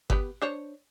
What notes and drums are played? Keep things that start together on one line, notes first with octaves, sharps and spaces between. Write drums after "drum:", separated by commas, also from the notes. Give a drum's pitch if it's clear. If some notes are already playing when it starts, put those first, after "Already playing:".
B3 G4 B4, drum: kick G1
D4 C5 C#5